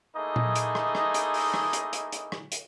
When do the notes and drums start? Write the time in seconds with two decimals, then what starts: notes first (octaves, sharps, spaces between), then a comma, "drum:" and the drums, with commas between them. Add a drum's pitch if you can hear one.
0.16 A3 A#3 D#4 E4 G#4 D#5
0.36 drum: tom A#2
0.56 drum: hi-hat
0.75 drum: rim click
0.95 drum: rim click
1.14 drum: hi-hat
1.34 drum: open hi-hat
1.54 drum: rim click
1.73 drum: hi-hat
1.93 drum: hi-hat
2.12 drum: hi-hat
2.32 drum: rim click
2.52 drum: hi-hat